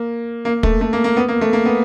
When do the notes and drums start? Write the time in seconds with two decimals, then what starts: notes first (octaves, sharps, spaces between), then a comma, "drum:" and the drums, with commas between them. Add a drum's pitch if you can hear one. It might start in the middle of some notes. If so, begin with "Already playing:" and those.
Already playing: A#3
0.45 A#3
0.63 A3, drum: kick
0.81 A3
0.93 A#3
1.04 A#3
1.17 B3
1.28 A#3
1.41 A3
1.53 A#3
1.65 B3